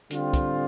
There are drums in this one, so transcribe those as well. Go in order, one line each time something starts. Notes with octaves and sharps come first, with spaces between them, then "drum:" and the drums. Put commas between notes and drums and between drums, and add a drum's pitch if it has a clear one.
D3 G3 C4 F4, drum: hi-hat
drum: kick, hi-hat